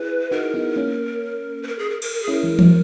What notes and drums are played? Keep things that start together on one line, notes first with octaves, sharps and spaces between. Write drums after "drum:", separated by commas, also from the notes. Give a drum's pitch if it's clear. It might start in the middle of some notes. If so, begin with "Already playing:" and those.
Already playing: E4 G#4 B4
D#4 F#4 A#4
B3 D#4
A#3 C#4
B4
A#4
G#4
A#4
A#4, drum: cymbal
A#4
G#4
C#4 E4
A#4
E3 G#3
F#3, drum: tom E3